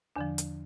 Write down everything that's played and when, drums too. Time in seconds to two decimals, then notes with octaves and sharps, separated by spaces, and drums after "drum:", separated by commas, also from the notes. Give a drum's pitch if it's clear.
0.16 E2 D3 F3 D4
0.38 drum: hi-hat